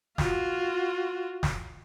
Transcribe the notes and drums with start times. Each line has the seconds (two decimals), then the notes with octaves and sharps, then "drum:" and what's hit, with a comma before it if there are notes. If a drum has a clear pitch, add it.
0.18 F4 F#4, drum: snare
1.43 drum: snare